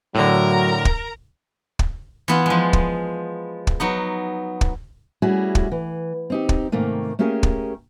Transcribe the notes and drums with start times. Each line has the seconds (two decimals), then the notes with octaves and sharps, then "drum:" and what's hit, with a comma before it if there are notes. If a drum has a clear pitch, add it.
0.15 A2 D3 F#3 A#4 A#5
0.85 drum: kick
1.79 drum: kick
2.28 E3 B3 F4
2.46 F3 G#3
2.73 drum: kick
3.67 drum: kick
3.80 F#3 B3 D#4
4.61 drum: kick
5.22 G3 A3 C#4 E4 F#4 G#4
5.55 drum: kick
5.72 E3
6.30 C4 D#4 G4
6.49 drum: kick
6.72 G#2 C3 D#3 A3 A#3
7.19 A3 A#3 C#4 G4 G#4 A#4
7.43 drum: kick